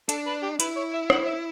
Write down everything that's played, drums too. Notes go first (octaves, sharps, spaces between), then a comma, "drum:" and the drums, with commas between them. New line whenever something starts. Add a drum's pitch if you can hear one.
D4 A4, drum: hi-hat
B4
G4
E4 B4, drum: hi-hat
C#5
E5
F#5, drum: rim click
E5